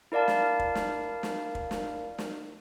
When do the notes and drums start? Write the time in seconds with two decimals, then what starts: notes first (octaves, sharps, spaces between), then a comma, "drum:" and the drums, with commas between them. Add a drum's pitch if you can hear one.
0.12 E4 A#4 D5 F5 A5
0.28 drum: snare
0.59 drum: kick
0.75 drum: snare
1.23 drum: snare
1.55 drum: kick
1.71 drum: snare
2.18 drum: snare